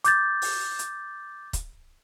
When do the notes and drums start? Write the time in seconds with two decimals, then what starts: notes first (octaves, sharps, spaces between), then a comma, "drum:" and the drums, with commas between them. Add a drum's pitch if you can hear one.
0.04 D6 G6 A6, drum: hi-hat
0.42 drum: open hi-hat
0.79 drum: hi-hat
1.53 drum: kick, hi-hat